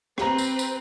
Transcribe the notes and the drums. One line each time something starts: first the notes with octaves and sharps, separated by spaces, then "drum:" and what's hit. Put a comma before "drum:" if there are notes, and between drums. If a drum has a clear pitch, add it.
C4 G4 B4 A#5, drum: rim click
drum: tambourine
drum: tambourine